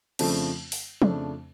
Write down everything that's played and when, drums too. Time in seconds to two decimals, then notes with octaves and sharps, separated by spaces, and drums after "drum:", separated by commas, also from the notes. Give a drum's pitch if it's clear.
0.19 F2 C#3 F3 A3 D4, drum: cymbal
0.72 drum: open hi-hat
1.02 F2 C#3 F3 A3 D4, drum: tom